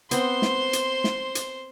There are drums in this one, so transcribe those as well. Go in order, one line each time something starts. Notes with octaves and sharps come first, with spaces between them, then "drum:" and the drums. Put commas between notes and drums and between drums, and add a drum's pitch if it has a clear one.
B3 C4 C5 F#5 C6, drum: hi-hat
drum: snare
drum: hi-hat
drum: snare
drum: hi-hat